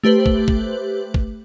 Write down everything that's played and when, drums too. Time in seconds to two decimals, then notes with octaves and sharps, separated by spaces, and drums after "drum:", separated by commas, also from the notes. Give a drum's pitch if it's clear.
0.03 A3 G4 B4 C5 F#7
0.26 drum: kick
0.48 drum: kick
1.14 drum: kick